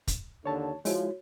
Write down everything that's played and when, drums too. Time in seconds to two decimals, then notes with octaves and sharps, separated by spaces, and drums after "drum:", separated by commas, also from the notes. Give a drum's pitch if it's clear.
0.08 drum: kick, hi-hat
0.46 D#2 D3 C#5 A5
0.85 F3 G#3 E4 F#4 C#5, drum: open hi-hat